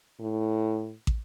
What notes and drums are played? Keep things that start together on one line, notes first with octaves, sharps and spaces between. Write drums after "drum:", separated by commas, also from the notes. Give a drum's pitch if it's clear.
A2
drum: kick